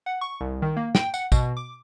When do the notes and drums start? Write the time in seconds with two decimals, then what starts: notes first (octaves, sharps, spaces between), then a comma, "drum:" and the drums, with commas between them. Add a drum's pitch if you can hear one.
0.06 F#5
0.21 C#6
0.41 C2
0.62 D#3
0.77 A#3
0.95 G5, drum: snare
1.14 F#5, drum: tambourine
1.32 B2, drum: kick, tambourine
1.57 D6